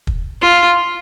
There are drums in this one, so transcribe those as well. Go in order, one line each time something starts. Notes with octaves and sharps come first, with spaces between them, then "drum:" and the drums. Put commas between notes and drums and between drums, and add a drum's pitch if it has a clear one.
drum: kick
F4